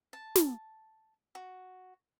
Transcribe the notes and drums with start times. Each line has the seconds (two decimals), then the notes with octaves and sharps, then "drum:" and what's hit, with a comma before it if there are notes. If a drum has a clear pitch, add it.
0.13 A5
0.35 drum: snare
1.35 F#4